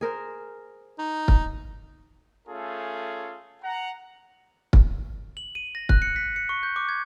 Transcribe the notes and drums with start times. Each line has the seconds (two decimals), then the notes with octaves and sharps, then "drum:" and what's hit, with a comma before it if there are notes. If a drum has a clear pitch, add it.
0.01 G#4 A#4 C5
0.99 D#4
1.28 drum: kick
2.48 A3 C#4 F4 G#4 A4
3.62 F#5 A#5
4.73 drum: kick
5.37 F#7
5.55 D#7
5.75 A#6
5.89 F#6, drum: kick
6.02 C#7
6.16 B6
6.36 C#7
6.49 C#6
6.63 G6
6.76 D6
6.89 G#6